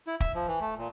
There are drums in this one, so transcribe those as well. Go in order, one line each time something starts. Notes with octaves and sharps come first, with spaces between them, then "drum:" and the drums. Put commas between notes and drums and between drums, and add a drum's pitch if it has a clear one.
E4
E5, drum: kick
F3
E3
A3
A#2